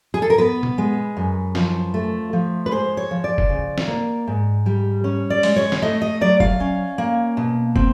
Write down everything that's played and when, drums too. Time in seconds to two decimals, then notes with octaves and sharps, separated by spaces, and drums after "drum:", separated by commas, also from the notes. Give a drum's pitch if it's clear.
0.14 G#4
0.22 A4
0.30 A#4
0.38 B3 B4
0.63 drum: tom
0.78 G#3
1.17 F#2
1.55 F3, drum: snare
1.94 A3
2.33 F3
2.66 B4
2.71 G#3 C5
2.97 C#5
3.11 F3
3.24 D5
3.38 drum: kick
3.49 C#3
3.78 drum: snare
3.88 A#3
4.27 G#2
4.66 G3
5.04 C#4
5.30 D5
5.43 G#3, drum: cymbal
5.56 C#5
5.72 drum: snare
5.82 A3 D#5
6.02 D#5
6.21 F#3 D5
6.40 F5, drum: kick
6.60 C#4
6.98 A#3
7.37 B2
7.76 C4, drum: kick